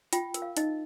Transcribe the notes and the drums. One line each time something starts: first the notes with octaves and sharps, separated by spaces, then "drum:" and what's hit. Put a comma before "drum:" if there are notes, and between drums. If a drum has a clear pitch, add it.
F4 G5, drum: hi-hat
A#4, drum: hi-hat
F5
D#4 D#5, drum: hi-hat